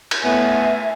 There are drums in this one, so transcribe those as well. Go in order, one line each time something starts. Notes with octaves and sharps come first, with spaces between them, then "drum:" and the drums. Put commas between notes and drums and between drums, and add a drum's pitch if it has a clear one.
drum: cymbal
A2 B3 E5 G#5